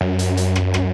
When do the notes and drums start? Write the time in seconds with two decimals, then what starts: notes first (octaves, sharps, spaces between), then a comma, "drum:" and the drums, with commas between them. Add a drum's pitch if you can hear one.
0.01 F#2
0.19 drum: hi-hat
0.37 drum: hi-hat
0.56 drum: rim click
0.74 drum: rim click